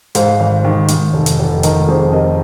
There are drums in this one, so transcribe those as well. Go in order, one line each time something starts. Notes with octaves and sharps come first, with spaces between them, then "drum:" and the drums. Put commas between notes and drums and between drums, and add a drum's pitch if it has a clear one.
G#2 C5 F5, drum: hi-hat
G#1
D#3
D#3, drum: hi-hat
F1
drum: hi-hat
F1
D#3 A#4 D#5, drum: hi-hat
F2 G#4 C5
C3 A#4 D#5